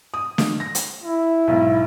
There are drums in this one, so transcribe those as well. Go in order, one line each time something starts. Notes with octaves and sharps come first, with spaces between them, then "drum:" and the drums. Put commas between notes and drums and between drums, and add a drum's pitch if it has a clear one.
D#6
drum: snare
A#6
drum: hi-hat
E4
B1 G#2